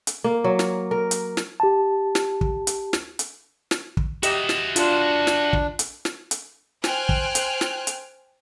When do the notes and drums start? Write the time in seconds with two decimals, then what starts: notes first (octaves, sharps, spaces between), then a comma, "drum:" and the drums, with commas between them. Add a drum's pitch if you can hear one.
0.07 drum: hi-hat
0.24 A#3
0.44 F#3
0.59 drum: snare
0.91 A#4
1.11 drum: hi-hat
1.37 drum: snare
1.60 G4 A5
2.15 drum: snare
2.41 drum: kick
2.67 drum: hi-hat
2.93 drum: snare
3.19 drum: hi-hat
3.71 drum: snare
3.97 drum: kick
4.23 F#4 G4 D#5 E5, drum: hi-hat
4.49 drum: snare
4.76 D4 F4, drum: hi-hat
5.27 drum: snare
5.53 drum: kick
5.79 drum: hi-hat
6.05 drum: snare
6.31 drum: hi-hat
6.84 C5 G5 G#5 F6 F#6, drum: snare
7.09 drum: kick
7.35 drum: hi-hat
7.61 drum: snare
7.87 drum: hi-hat